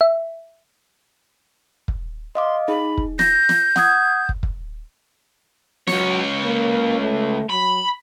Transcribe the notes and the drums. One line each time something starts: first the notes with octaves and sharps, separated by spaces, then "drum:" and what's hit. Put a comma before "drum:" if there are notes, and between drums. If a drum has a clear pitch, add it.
E5
drum: kick
D#5 F5 C6 D6
D#4 G#4 B5
drum: kick
G6 A#6, drum: snare
drum: snare
F#5 D#6 G#6, drum: snare
drum: kick
drum: kick
C#2 F#3 C#5, drum: snare
A#3
A3
F#3 B5